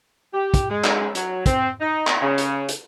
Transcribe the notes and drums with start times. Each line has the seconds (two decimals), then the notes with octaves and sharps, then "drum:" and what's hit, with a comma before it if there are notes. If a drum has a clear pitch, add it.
0.34 G4
0.54 drum: kick, hi-hat
0.69 G#3
0.84 drum: clap
1.15 F#3, drum: hi-hat
1.46 C4, drum: kick, hi-hat
1.81 D#4
2.07 drum: clap
2.21 C#3
2.38 drum: hi-hat
2.69 drum: hi-hat